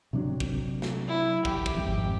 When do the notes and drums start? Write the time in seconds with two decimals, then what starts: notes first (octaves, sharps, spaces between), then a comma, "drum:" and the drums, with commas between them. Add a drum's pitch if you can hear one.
0.13 C3 F#3 D4
0.40 drum: kick
0.82 drum: snare
1.07 E4
1.45 G4, drum: kick
1.66 drum: kick
1.75 G#1 F2 G#2